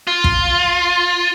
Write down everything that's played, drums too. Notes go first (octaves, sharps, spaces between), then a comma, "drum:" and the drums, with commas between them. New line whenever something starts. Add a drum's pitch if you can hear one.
F4
drum: kick